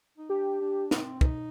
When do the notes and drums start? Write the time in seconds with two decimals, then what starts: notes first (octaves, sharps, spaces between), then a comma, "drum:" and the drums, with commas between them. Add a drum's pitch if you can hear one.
0.18 D#4
0.29 D4 G4
0.60 D4
0.91 C4, drum: snare
1.21 D#4, drum: kick